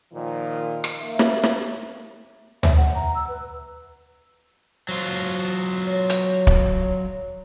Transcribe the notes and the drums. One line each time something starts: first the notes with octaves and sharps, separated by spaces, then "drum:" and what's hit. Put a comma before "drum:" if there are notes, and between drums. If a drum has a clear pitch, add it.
A#2 D#3 F3
drum: rim click
A#3 E5
drum: snare
drum: snare
E5, drum: tom
F#5
A#5
E6
B4
F#3 F4 C5
C#5
drum: hi-hat
drum: kick